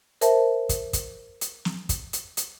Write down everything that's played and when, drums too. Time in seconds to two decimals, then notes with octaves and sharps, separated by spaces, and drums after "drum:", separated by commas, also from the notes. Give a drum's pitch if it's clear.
0.21 A#4 C5 E5 A5, drum: hi-hat
0.69 drum: kick, hi-hat
0.93 drum: kick, hi-hat
1.41 drum: hi-hat
1.65 drum: snare
1.89 drum: kick, hi-hat
2.13 drum: hi-hat
2.37 drum: hi-hat